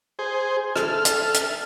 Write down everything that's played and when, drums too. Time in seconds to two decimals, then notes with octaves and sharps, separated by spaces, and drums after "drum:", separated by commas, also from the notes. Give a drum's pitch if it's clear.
0.19 G#4 C5
0.76 A4 F6, drum: rim click
1.05 drum: hi-hat
1.34 drum: hi-hat